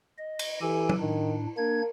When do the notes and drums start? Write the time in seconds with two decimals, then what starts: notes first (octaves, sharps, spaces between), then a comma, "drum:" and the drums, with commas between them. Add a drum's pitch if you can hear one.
0.18 D#5
0.39 drum: cymbal
0.61 E3 G4 A4 G#5
0.89 drum: tom
1.00 A2 D#3 D4
1.57 A#3 D4 A#4 G#6